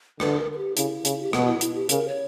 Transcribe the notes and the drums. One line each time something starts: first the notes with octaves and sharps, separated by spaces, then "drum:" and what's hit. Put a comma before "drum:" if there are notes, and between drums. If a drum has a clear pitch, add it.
D3 B4, drum: rim click
A#4
A#4
G4
C#3 E4, drum: hi-hat
C#3, drum: hi-hat
G4
B2 F#4, drum: rim click
E4
E4, drum: hi-hat
G4
C#3 A#4, drum: hi-hat
C#5